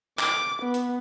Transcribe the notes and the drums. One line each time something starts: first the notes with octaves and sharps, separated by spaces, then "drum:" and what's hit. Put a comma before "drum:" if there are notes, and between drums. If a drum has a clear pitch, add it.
D6, drum: clap
B3
drum: hi-hat